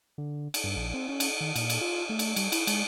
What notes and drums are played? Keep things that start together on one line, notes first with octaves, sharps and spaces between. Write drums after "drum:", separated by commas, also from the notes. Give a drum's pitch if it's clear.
D3
drum: cymbal
G2
A#1
C4
C#4
drum: cymbal
D#3
A#2, drum: cymbal
drum: cymbal
F4
A3
drum: cymbal
G3, drum: cymbal
E4, drum: cymbal
G#3, drum: cymbal